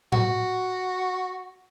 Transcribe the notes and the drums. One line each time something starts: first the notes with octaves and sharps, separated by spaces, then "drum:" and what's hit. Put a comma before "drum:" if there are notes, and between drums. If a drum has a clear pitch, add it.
F#4, drum: tom A2